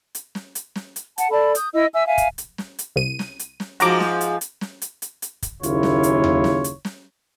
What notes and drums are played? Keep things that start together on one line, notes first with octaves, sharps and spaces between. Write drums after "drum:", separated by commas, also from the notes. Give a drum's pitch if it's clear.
drum: hi-hat
drum: snare
drum: hi-hat
drum: snare
drum: hi-hat
F#5 A5, drum: hi-hat
A4 D5 A5 B5
D#6 G6, drum: hi-hat
E4 D#5 E6
E5 G#5 E6
E5 F5 G#5
drum: kick, hi-hat
drum: hi-hat
drum: snare
drum: hi-hat
C2 D#7
drum: snare
drum: hi-hat
drum: snare
G#2 F3 F#4 A#5 D6, drum: hi-hat
drum: snare
drum: hi-hat
drum: hi-hat
drum: snare
drum: hi-hat
drum: hi-hat
drum: hi-hat
drum: kick, hi-hat
F#1 D#2 C#3 E4 F4 C#5, drum: hi-hat
drum: snare
drum: hi-hat
drum: tom D#2
drum: snare
drum: hi-hat
drum: snare